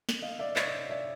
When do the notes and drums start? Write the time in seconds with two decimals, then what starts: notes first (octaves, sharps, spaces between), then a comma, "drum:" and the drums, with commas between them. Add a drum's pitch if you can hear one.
0.09 drum: snare
0.22 D#5 F5
0.39 D5 E5
0.56 C#5 D#5, drum: clap
0.90 D5 E5